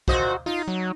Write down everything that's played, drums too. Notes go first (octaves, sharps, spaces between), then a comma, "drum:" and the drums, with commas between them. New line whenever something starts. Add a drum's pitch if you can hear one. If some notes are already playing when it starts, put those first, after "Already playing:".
A#2 F#4 C5 D#5, drum: kick
D#4 F4
F#3